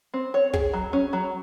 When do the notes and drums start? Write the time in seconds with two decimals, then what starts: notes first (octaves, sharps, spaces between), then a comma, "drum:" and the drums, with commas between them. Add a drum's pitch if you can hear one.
0.14 C4
0.34 C#5
0.53 G#4, drum: kick
0.73 F#3
0.93 C#4
1.13 F#3